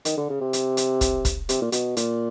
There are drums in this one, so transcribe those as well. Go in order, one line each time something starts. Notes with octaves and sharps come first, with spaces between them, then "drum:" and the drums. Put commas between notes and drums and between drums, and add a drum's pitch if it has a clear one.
D#3, drum: hi-hat
D3
C#3
C3
drum: hi-hat
drum: hi-hat
drum: kick, hi-hat
drum: kick, hi-hat
C3, drum: hi-hat
A#2
B2, drum: hi-hat
A#2, drum: hi-hat